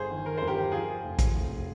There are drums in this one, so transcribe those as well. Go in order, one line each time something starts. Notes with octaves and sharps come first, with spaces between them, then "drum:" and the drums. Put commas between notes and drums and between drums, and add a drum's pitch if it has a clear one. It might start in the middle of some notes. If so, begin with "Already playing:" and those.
Already playing: G1 G#4 C5
D#3
A#4
G1 C5
G4 A#4
F3 F4 G#4
F1
drum: kick, hi-hat
F1